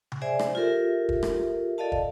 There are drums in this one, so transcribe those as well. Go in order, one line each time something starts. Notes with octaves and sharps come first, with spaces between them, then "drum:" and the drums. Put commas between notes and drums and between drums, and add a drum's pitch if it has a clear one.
drum: tom C3
G#4 C5 D5 E5 G#5
drum: rim click
F4 G4 A4 A#4 E5
drum: kick
drum: rim click
A4 D5 D#5 F5 A5
drum: kick